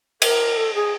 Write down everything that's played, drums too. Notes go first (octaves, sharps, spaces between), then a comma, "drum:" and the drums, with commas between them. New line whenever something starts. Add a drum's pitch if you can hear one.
A#4, drum: cymbal
A4
G#4